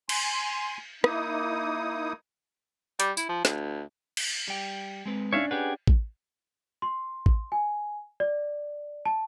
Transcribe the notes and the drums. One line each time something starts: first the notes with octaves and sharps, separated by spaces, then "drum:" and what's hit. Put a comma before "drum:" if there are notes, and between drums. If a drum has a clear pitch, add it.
G#5 C6, drum: cymbal
A#3 D#4 E4 D#6, drum: rim click
G3, drum: hi-hat
E4, drum: tambourine
F3
D2, drum: snare
drum: cymbal
G3 G5
G#3 C4 B4
C#4 D4 C#5 E5 F5
G4 G#4 B4 F#5
drum: kick A1
C6
drum: kick A1
G#5
D5
A5